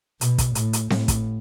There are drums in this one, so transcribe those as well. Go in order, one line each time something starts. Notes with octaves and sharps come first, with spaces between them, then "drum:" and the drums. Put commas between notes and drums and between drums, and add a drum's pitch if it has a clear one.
B2, drum: hi-hat
drum: kick, hi-hat
A2, drum: hi-hat
drum: hi-hat
A2, drum: snare C4
drum: kick, hi-hat